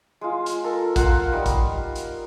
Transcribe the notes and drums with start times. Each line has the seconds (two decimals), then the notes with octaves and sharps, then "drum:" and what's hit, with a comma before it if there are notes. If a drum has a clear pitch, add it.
0.21 G#3 F4
0.46 drum: hi-hat
0.63 A4 A#4
0.96 F4 A#4 F5 F#5, drum: kick, hi-hat
1.32 G3 D#4
1.46 drum: kick, hi-hat
1.96 drum: hi-hat